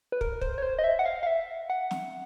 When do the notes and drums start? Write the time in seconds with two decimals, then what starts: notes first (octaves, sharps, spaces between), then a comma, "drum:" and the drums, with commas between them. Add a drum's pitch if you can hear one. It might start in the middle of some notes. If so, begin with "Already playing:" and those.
0.12 B4
0.21 A#4, drum: kick
0.41 C5, drum: kick
0.58 C#5
0.62 C5
0.79 D#5
0.84 E5
0.99 F#5
1.06 F5
1.23 F5
1.27 E5
1.70 F#5
1.91 drum: snare